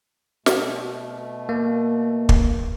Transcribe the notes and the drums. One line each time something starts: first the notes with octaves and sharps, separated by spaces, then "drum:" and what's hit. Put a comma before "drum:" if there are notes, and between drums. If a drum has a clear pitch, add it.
B2 A3, drum: snare
A#3
drum: kick